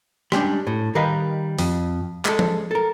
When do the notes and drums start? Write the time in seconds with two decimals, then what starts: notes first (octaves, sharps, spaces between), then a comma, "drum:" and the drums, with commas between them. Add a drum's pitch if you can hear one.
0.32 G3 G#3 C#4 D4, drum: rim click
0.67 A2
0.95 D#3 G3 A#4 B4 D#5 F5
1.59 F2, drum: open hi-hat
2.25 G#3 A4, drum: clap
2.39 drum: tom F3
2.71 A4 A#4